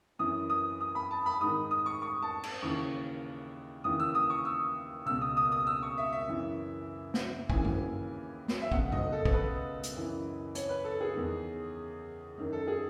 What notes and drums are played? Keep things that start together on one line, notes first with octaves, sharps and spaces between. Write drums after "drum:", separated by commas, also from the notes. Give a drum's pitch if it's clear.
F#2 E3 D#6
D#6
D#6
B5
A5
B5
G#2 D#3 D#6
D#6
C#6
C#6
A5
drum: cymbal
D#2 C#3 E3 C#6
D#2 C#3 E3 D#6
E6
D#6
C#6
E6
C#2 B2 E6
D#6
D#6
D#6
E6
C#6
E5
E5
F#2 E3
drum: snare
D#2 C#3 E3 G#5, drum: kick
drum: tom G2
drum: snare
E5
C#2 B2 F#5, drum: kick
D#5, drum: tom G2
A4
A4, drum: kick
B4
drum: hi-hat
F#2 E3
C#5, drum: hi-hat
B4
A4
G#4
E2 D#3
F#2 D#3
A4
G#4